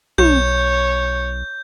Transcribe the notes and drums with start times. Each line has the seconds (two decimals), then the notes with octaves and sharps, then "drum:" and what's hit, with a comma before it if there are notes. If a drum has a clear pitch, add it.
0.18 B1 C#5 G6, drum: tom